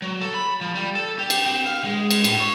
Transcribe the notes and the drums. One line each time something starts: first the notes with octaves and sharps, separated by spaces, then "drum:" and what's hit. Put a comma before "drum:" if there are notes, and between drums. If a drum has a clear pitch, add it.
F#3
A4
B5
F3
G3
A4
G4
drum: cymbal
C4
F5
G#3
drum: cymbal
A2, drum: cymbal
C#5